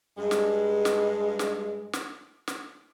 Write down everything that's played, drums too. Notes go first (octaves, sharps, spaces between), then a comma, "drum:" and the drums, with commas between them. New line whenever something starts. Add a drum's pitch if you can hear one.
G2 G#3
drum: snare
drum: snare
drum: snare
drum: snare
drum: snare